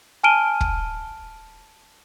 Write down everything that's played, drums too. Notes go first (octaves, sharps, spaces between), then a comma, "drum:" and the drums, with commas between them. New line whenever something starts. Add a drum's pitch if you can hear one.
G#5 A5 F6 D7 D#7 G7
drum: kick